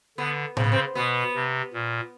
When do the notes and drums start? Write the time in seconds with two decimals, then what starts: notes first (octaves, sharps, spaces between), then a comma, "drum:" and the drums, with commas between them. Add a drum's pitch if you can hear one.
0.18 D3 B3
0.57 C#3 C4, drum: tom A2
0.64 B3
0.72 C4
0.95 B2 B3
1.35 C3
1.73 A#2